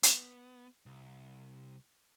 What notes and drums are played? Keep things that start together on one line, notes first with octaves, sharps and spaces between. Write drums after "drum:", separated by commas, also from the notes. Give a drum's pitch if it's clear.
B3, drum: hi-hat
C2